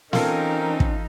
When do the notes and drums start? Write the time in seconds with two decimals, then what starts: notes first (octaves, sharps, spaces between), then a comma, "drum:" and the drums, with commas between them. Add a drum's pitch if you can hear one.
0.13 E3 C4 C#4 D#4 F4 A4 A#4, drum: snare
0.80 drum: kick